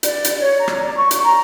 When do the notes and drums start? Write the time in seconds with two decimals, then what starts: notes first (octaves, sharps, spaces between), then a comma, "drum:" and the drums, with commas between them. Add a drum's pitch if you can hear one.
0.03 D5, drum: hi-hat
0.24 drum: hi-hat
0.39 C#5
0.59 A#5
0.68 drum: rim click
0.82 D5
0.97 C#6
1.11 drum: hi-hat
1.23 A#5